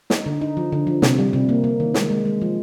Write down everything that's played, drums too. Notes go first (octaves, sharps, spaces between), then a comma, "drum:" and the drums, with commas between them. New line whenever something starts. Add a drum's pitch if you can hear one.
D#4, drum: snare
D3
D#4
F3
D3
F3
C3, drum: snare
G3
C3
A#3
A#3
D#3
G#3, drum: snare
G#3
G#3
F3